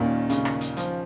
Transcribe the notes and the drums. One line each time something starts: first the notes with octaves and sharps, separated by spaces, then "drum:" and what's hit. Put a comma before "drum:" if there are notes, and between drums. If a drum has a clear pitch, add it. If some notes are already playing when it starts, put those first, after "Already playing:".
Already playing: D#2 A#2 D#3 C#4 A#4
C#3, drum: hi-hat
drum: rim click
drum: hi-hat
F3, drum: hi-hat